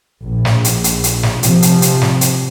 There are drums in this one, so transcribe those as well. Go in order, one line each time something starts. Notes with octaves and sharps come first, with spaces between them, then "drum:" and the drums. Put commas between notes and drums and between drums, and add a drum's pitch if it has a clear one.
A#1
drum: snare
drum: hi-hat
drum: hi-hat
drum: hi-hat
drum: snare
C3 F3, drum: hi-hat
drum: hi-hat
drum: hi-hat
drum: snare
drum: hi-hat